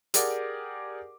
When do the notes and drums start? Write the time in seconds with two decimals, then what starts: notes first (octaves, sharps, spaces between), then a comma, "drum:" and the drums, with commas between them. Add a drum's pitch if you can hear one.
0.14 G4 G#4 A#4 D5 F#5 D6, drum: hi-hat